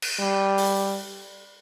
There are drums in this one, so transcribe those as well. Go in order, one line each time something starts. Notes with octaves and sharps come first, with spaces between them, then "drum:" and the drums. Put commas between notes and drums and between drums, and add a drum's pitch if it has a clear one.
drum: cymbal
G3
drum: open hi-hat